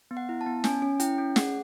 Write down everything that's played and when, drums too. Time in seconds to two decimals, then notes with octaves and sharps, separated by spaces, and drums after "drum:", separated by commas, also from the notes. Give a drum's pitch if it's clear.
0.11 B3
0.17 F#5
0.29 E4
0.41 A5
0.46 B3
0.64 C#4 G#5, drum: snare
0.82 C#4
1.00 E4 G5, drum: hi-hat
1.18 C#4
1.36 G#4 F#5, drum: snare